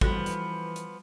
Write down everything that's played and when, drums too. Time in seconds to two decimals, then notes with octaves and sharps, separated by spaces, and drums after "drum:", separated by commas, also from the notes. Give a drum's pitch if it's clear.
0.01 E3 F3 G3 B3 F#4 A4, drum: kick G#1
0.26 drum: hi-hat
0.76 drum: hi-hat